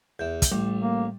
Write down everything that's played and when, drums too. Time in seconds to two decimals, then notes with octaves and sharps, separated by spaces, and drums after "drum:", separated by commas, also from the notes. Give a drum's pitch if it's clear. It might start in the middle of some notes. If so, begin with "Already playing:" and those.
0.19 E2 E5 G6
0.42 drum: kick, hi-hat
0.52 A1 G3
0.80 A#3